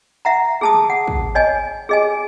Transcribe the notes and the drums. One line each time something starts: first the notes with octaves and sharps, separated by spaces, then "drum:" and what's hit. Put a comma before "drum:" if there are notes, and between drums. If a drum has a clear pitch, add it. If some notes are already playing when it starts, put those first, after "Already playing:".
E5 F#5 A#5
G#4 A5 D#6, drum: tom
F#5
drum: kick
C#5 D#5 G#5
G#4 D#5 G#5